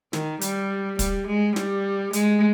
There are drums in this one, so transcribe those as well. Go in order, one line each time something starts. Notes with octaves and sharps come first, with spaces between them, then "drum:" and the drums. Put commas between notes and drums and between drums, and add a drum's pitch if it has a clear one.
D#3, drum: snare
G3, drum: hi-hat
G3, drum: kick, hi-hat
G#3
G3, drum: snare
G#3, drum: hi-hat